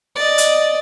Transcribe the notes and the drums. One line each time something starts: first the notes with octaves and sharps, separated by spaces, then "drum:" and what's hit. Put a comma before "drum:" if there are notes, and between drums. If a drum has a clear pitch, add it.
D5 D#5
drum: hi-hat